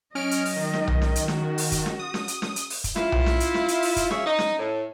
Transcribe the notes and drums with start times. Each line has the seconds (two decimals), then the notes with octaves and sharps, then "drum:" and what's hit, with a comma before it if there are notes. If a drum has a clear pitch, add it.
0.15 F#3 C#4 D#5 F6 D7
0.31 drum: hi-hat
0.45 drum: open hi-hat
0.56 D#3
0.73 drum: snare
0.87 drum: tom B1
1.02 drum: snare
1.16 drum: hi-hat
1.28 F#4, drum: snare
1.58 drum: open hi-hat
1.72 drum: kick, hi-hat
1.86 drum: snare
1.99 D#6
2.14 drum: snare
2.28 drum: hi-hat
2.42 drum: snare
2.56 drum: hi-hat
2.70 drum: open hi-hat
2.84 drum: kick, hi-hat
2.96 E4 F4, drum: snare
3.12 drum: tom B1
3.26 drum: snare
3.40 drum: hi-hat
3.54 drum: snare
3.68 drum: hi-hat
3.82 drum: open hi-hat
3.96 drum: kick, hi-hat
4.10 F4 F#4 G#4 C#5 E5, drum: snare
4.26 D#4
4.39 drum: snare
4.59 A2